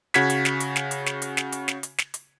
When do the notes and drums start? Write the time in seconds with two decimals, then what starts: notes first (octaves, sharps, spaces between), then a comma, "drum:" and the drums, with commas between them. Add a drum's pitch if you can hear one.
0.14 C#3 F#4 G#6 B6, drum: snare
0.30 drum: hi-hat
0.45 drum: snare
0.60 drum: hi-hat
0.76 drum: snare
0.91 drum: hi-hat
1.06 drum: snare
1.22 drum: hi-hat
1.37 drum: snare
1.52 drum: hi-hat
1.68 drum: snare
1.83 drum: hi-hat
1.98 drum: snare
2.14 drum: hi-hat